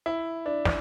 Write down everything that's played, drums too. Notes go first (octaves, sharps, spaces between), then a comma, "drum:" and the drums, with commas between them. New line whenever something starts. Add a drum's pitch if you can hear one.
E4
D4
drum: snare